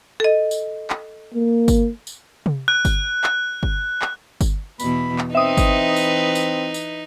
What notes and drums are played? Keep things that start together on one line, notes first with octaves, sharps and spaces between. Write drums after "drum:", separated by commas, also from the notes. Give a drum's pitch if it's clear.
A4 D#5
drum: tambourine
drum: clap
A#3
drum: kick G1, tambourine
drum: tambourine
drum: tom C3
F#6
drum: kick G1, tambourine
drum: clap
drum: kick G1
drum: clap
drum: kick G1, tambourine
E2 B2 E3 B5, drum: tambourine
drum: clap
E3 C4 D#4 B4 E5 D#6
drum: kick G1, tambourine
drum: tambourine
drum: tambourine
drum: tambourine